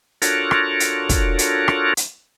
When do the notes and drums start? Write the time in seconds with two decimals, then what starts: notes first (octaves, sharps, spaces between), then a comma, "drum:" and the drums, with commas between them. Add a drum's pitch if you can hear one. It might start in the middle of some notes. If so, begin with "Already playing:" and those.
0.22 D4 F4 F#4 A4 A#4 C#5, drum: hi-hat
0.51 drum: rim click
0.80 drum: hi-hat
1.09 drum: kick, hi-hat
1.39 drum: hi-hat
1.68 drum: rim click
1.97 drum: hi-hat